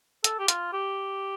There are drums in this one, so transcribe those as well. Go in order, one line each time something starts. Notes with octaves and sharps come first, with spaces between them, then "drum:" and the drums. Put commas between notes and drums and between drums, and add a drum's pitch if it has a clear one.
A4, drum: hi-hat
G4
F4, drum: hi-hat
G4